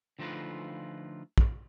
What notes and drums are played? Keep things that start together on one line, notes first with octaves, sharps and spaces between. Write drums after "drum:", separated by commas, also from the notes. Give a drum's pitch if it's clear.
D3 F3 A3 D#4 F4 B4
drum: kick